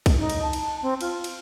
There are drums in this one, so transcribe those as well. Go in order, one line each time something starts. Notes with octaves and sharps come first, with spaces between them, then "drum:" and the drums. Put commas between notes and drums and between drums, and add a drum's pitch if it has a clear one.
drum: kick B1, cymbal
D#4
drum: cymbal
A5
drum: cymbal
C4
F4, drum: cymbal
drum: cymbal